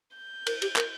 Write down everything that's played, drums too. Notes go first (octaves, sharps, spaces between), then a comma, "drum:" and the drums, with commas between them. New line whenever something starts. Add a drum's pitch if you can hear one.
G6
A#4, drum: cymbal
G4, drum: cymbal
A#4, drum: clap